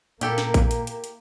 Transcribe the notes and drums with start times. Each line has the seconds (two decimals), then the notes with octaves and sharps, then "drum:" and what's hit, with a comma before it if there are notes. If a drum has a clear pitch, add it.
0.21 A#2 A#3 E4 G4 A4, drum: hi-hat
0.38 drum: snare
0.54 drum: kick A#1, hi-hat
0.71 drum: hi-hat
0.87 drum: hi-hat
1.04 drum: hi-hat